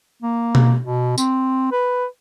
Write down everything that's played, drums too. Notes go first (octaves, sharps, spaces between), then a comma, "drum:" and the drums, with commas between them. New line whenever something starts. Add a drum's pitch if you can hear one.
A#3
drum: tom B2
B2
C4, drum: tambourine
B4